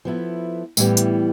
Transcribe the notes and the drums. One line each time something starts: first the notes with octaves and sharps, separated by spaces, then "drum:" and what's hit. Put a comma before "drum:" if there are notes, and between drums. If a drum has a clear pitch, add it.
F3 B3 E4 A4
A2 E3 G3 B3, drum: tambourine
drum: hi-hat